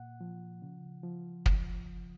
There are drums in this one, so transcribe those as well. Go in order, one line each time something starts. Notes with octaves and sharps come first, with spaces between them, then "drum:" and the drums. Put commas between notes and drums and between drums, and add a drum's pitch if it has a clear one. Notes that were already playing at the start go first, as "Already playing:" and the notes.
Already playing: A#2 F#5
F3
C#3
F3
drum: kick